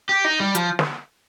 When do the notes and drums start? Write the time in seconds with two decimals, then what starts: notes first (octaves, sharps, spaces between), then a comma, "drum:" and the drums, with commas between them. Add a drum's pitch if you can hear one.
0.09 G4
0.25 D#4
0.40 G3
0.55 F3, drum: hi-hat
0.79 drum: snare